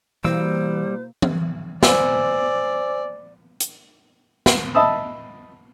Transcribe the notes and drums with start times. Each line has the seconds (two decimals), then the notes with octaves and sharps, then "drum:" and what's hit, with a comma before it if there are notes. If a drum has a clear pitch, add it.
0.24 B2 E3 G3 A#3 E4 C5 E6
1.22 drum: tom E3
1.83 C5 D5 G#5 E6, drum: snare
3.60 drum: hi-hat
4.46 drum: snare
4.75 D#5 E5 A5 B5 D#6 E6